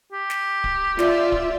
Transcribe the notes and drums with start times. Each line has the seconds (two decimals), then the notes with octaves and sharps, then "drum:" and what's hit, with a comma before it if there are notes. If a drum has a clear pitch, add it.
0.13 G4
0.30 drum: snare
0.64 drum: kick D1
0.99 F4 D5 E5, drum: snare
1.32 drum: kick D1